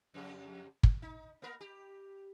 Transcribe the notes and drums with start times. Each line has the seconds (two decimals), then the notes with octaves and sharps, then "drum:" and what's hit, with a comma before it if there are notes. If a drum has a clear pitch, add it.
0.14 F2 C#3 G4
0.83 drum: kick
1.02 D#4
1.42 A#3 B3 A#4
1.61 G4